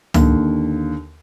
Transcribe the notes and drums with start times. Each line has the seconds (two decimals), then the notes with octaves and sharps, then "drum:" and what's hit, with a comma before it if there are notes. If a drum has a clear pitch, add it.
0.14 D#2 D3, drum: tom C#2